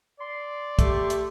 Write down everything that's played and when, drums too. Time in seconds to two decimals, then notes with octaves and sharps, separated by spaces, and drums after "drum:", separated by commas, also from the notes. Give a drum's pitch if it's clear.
0.20 D5 C6
0.79 A3 G4, drum: kick, hi-hat
1.10 drum: hi-hat